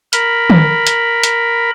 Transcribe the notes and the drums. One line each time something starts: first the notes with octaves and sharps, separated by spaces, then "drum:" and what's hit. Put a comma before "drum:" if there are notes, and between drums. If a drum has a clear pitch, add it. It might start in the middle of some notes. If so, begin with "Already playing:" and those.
A#4 B5, drum: hi-hat
drum: tom
drum: hi-hat
drum: hi-hat